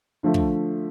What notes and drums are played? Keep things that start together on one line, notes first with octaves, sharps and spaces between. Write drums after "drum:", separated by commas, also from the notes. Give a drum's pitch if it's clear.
D3 F3 A3
drum: kick